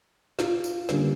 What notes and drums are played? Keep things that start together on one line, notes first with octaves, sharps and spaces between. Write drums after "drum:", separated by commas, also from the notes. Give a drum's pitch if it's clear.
F4, drum: snare
drum: tambourine
D3 G3 A#3 C#4, drum: snare